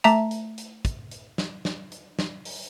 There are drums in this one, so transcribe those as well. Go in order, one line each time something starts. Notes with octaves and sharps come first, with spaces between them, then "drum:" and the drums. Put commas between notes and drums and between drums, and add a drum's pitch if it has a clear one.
A3 E5 A5 A#5, drum: hi-hat
drum: hi-hat
drum: hi-hat
drum: kick, hi-hat
drum: hi-hat
drum: snare
drum: snare
drum: hi-hat
drum: snare
drum: open hi-hat